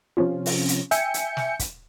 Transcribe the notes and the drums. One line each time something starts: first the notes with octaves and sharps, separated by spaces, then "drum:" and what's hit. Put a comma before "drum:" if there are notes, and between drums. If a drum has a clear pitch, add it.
C3 F3 C4 C#4 F4
drum: open hi-hat
drum: hi-hat
E5 G5 G#5 G6 C#7, drum: hi-hat
drum: hi-hat
drum: snare
drum: kick, hi-hat